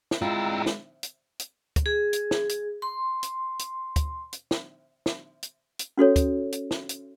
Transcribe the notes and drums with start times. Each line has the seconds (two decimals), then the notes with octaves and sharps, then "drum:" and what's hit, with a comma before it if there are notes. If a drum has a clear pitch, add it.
0.11 drum: snare
0.22 G#3 D4 E4 F4 G5 A#5 E6
0.66 drum: snare
1.03 drum: hi-hat
1.40 drum: hi-hat
1.76 drum: kick, hi-hat
1.86 G#4
2.13 drum: hi-hat
2.31 drum: snare
2.49 drum: hi-hat
2.82 C6
3.23 drum: hi-hat
3.59 drum: hi-hat
3.96 drum: kick, hi-hat
4.33 drum: hi-hat
4.51 drum: snare
5.06 drum: snare
5.43 drum: hi-hat
5.79 drum: hi-hat
5.98 C#4 F#4 A4 C#5
6.16 drum: kick, hi-hat
6.52 drum: hi-hat
6.71 drum: snare
6.89 drum: hi-hat